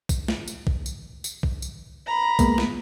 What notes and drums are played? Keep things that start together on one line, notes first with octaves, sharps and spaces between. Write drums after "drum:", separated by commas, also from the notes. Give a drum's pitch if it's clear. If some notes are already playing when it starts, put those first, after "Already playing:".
drum: kick, tambourine
drum: snare
drum: tambourine
drum: kick
drum: tambourine
drum: tambourine
drum: kick
drum: tambourine
A#5 B5
G#3 A#3 B3, drum: kick, tambourine
drum: snare